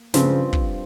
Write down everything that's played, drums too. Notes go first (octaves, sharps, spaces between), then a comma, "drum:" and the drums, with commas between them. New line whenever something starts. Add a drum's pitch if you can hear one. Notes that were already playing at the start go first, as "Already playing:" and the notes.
Already playing: A#3
G2 C#3 F3 C4 G4, drum: snare
drum: kick